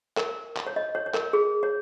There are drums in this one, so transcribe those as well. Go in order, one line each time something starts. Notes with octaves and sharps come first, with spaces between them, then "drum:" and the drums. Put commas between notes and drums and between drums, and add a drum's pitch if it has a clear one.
A#4, drum: clap
drum: clap
C#5
D#5
C#5
C#5
A#4, drum: clap
G#4
C#5